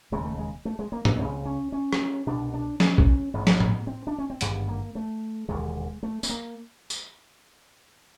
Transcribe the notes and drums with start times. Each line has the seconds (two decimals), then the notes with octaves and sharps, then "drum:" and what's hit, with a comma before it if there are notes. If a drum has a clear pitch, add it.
0.12 E1 D#2 C#3 G#3
0.25 A3
0.38 G#3
0.65 A3
0.79 G#3
0.92 A#3
1.05 A#3, drum: tom
1.18 C#2 C#3 C4
1.45 C#4
1.72 C#4
1.93 drum: rim click
2.27 C2 B2 D4
2.54 D4
2.80 C#4, drum: snare
2.98 drum: kick
3.34 A1 G#2 B3
3.47 drum: snare
3.60 B3, drum: tom A2
3.87 C4
4.07 D4
4.18 C#4
4.30 C4
4.41 G#1 G2 D3 B3, drum: hi-hat
4.68 A#3
4.95 A3
5.48 E1 D#2 D3 G#3
6.03 A3
6.23 B3, drum: tambourine
6.29 A#3
6.90 drum: tambourine